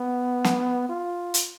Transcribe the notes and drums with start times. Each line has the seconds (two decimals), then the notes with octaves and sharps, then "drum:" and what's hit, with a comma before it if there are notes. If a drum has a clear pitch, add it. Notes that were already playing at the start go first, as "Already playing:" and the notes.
Already playing: B3
0.44 drum: snare
0.89 F4
1.34 drum: hi-hat